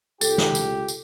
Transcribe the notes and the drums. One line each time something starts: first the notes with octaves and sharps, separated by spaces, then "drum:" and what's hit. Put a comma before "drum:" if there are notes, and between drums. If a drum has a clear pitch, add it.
C#2 G4 A4, drum: tambourine
drum: snare
drum: tambourine
drum: tambourine